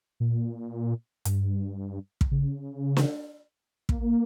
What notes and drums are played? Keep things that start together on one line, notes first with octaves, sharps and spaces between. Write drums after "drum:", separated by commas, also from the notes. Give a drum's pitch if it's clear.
A#2
G2, drum: hi-hat
drum: kick
C#3
drum: snare
A#3, drum: kick